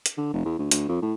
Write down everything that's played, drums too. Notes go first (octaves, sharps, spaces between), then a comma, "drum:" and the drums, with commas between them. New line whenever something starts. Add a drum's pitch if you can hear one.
drum: hi-hat
D3
F1
E2
D2
D2, drum: hi-hat
F2
A2